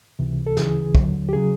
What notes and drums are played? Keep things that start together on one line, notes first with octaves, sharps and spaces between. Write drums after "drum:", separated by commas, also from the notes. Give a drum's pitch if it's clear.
C#2 C3 E3
A4
D2 C#3 E3 G#4, drum: snare
D#2 D3 F#3, drum: kick
G4
C#3 F#3 G#4